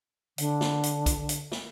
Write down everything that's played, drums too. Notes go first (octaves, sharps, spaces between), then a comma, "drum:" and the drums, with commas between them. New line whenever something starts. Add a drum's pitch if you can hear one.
D3, drum: hi-hat
drum: snare
drum: hi-hat
drum: kick B1, hi-hat
drum: hi-hat
drum: snare